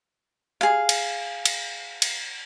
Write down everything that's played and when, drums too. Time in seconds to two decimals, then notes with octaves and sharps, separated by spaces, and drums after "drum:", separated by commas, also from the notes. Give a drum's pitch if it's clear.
0.61 G#4 F5
0.89 drum: cymbal
1.46 drum: cymbal
2.02 drum: cymbal